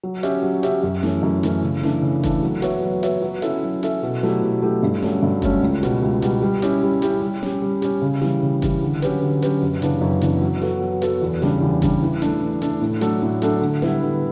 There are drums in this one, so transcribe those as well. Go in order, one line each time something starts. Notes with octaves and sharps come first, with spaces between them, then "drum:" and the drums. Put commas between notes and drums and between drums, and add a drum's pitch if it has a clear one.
F#3
C#4 G4 C#5 E5, drum: hi-hat
F#3
C#4 G4 C#5 E5, drum: hi-hat
F#2
E3 A3 C#4, drum: snare
F#2
E3 A3 C#4, drum: hi-hat
C#3
E3 A3 D4, drum: snare
C#3
E3 A3 D4, drum: kick F#1, hi-hat
F#3
B3 F#4 C#5 E5, drum: hi-hat
F#3
B3 F#4 C#5 E5, drum: hi-hat
F#3
C#4 E4 A4 E5, drum: hi-hat
F#3
C#4 E4 A4 E5, drum: hi-hat
B2
F#3 A3 E4 G4, drum: snare
B2
F#3 A3 E4 G4
G2
F#3 A3 C#4, drum: snare
G2
F#3 A3 C#4, drum: kick F#1, hi-hat
C#2
B2 G3, drum: hi-hat
C#2
B2 G3, drum: hi-hat
G3
C#4 E4 G4, drum: hi-hat
G3
C#4 E4 G4, drum: hi-hat
G3
C#4 G4, drum: snare
G3
C#4 G4, drum: hi-hat
C#3
E3 G3, drum: snare
C#3
E3 G3, drum: kick F#1, hi-hat
D3
F#3 C#4 G4 B4, drum: hi-hat
D3
F#3 C#4 G4 B4, drum: hi-hat
F#2
C#3 E3 B3 D4, drum: hi-hat
F#2
C#3 E3 B3 D4, drum: hi-hat
F#3
B3 F#4 A4, drum: snare
F#3
B3 F#4 A4, drum: hi-hat
E2
C#3 G3 D4, drum: snare
E2
C#3 G3 D4, drum: kick F#1, hi-hat
E3
A3 D4, drum: hi-hat
E3
A3 D4, drum: hi-hat
A2
F#3 A3 D4 A4, drum: hi-hat
A2
F#3 A3 D4 A4, drum: hi-hat
D3
G3 B3 E4 B4, drum: snare
D3